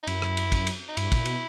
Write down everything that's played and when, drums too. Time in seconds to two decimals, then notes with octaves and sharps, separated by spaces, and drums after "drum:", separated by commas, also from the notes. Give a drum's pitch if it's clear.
0.03 D#4
0.07 F#2 E4, drum: cymbal
0.22 drum: rim click
0.37 drum: cymbal
0.52 drum: kick, cymbal
0.67 drum: cymbal
0.89 D#4
0.97 G2 E4, drum: cymbal
1.12 A#2, drum: kick, cymbal
1.25 B2, drum: cymbal